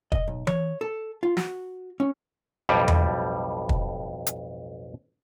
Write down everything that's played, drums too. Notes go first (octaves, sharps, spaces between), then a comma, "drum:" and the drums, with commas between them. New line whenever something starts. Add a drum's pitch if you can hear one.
D#5, drum: kick
B1
C#5, drum: tom E3
A4
F4
F#4, drum: snare
C#4
B1 F2 A2 G3
drum: tom E2
drum: kick
drum: hi-hat